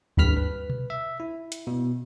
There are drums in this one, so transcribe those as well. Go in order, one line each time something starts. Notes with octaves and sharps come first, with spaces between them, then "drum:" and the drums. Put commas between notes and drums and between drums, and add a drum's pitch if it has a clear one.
G#1 G2 B5 F6 B6, drum: kick D2
B4
drum: tom B2
E5
E4
drum: hi-hat
B2